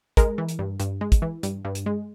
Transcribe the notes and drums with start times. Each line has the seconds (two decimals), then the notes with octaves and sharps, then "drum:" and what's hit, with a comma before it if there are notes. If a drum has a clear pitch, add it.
0.17 G#3 A#4, drum: kick, hi-hat
0.38 E3
0.49 drum: hi-hat
0.59 G2
0.80 G2, drum: hi-hat
1.01 G#3
1.12 drum: kick, hi-hat
1.22 E3
1.43 G2, drum: hi-hat
1.65 G2
1.75 drum: hi-hat
1.86 G#3